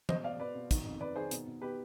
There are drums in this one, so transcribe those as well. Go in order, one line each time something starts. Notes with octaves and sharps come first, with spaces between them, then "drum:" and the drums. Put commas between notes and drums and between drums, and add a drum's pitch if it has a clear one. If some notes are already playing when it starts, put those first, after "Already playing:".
B2 C5 D#5, drum: tom E3
B2 D5 F5
B2 B4 D5
B2
D#3, drum: kick, hi-hat
F2
F2 B4 D5
D#3 G#4 C5
B2, drum: hi-hat
B2
B2 G4 B4